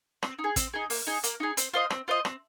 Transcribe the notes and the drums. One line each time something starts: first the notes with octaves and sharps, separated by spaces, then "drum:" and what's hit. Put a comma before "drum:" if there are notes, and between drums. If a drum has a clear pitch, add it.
C4, drum: rim click
D#4
G#4
C4, drum: kick, hi-hat
D#4 G#4
A#3, drum: open hi-hat
D#4 G#4
A#3, drum: hi-hat
D#4 G#4
C4, drum: hi-hat
F4 C5 D#5
C4, drum: rim click
F4 C5 D#5
C4, drum: rim click